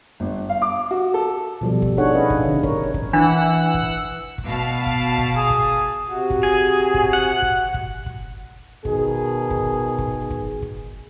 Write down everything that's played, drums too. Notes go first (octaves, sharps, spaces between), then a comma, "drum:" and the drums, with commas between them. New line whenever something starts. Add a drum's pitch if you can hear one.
G1
F5
D6
F#4
A4
B2 F3 G3 A4
drum: kick
D4 D#4 G#4 A4 C#5 F#5
C#4 B4 D#5 F5
drum: kick
D3 C#4
A#4 C#5, drum: kick
drum: kick
E3 D4 F#5 E6
drum: kick
drum: kick
B2 F5 A5
drum: kick
drum: kick
G#4
drum: kick
C3 F#4
drum: kick
G#4
drum: kick
F#5
drum: kick
drum: kick
drum: kick
B2 D#3 G#4, drum: kick
drum: kick
drum: kick
drum: kick
drum: kick